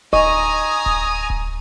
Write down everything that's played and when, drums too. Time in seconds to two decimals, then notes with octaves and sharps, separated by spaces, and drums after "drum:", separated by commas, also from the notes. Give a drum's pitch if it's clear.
0.13 D#5 G#5 A#5 C#6 D#6, drum: kick D1
0.86 drum: kick D1
1.30 drum: kick D1